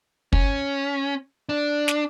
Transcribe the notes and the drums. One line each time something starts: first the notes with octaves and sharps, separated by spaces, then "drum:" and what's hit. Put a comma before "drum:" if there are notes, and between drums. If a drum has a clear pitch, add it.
C#4, drum: kick
D4
drum: snare